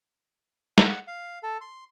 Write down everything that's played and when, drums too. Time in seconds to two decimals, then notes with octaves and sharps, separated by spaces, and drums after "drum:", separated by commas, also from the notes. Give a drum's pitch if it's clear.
0.78 F#5, drum: snare
1.07 F5
1.43 A4
1.61 C6